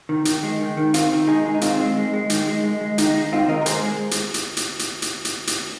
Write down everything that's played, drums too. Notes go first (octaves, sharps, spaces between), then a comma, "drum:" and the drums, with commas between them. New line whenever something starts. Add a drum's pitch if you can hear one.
D#3
D#3, drum: hi-hat
G#3
D#3
D#3
D#3 C4 F4, drum: hi-hat
D#3
G#3 D#4 G#4
G#3
D#4
D#3 C4 F4, drum: hi-hat
G#3
G#3
G#3
D#3, drum: hi-hat
G#3
G#3
G#3
D#3 D#4, drum: hi-hat
G#3 D#4
D#3 C4 F4
D#3 A#4 D#5
A#4
G#3 G#4 C5, drum: hi-hat
G#3
drum: hi-hat
drum: hi-hat
drum: hi-hat
drum: hi-hat
drum: hi-hat
drum: hi-hat
drum: hi-hat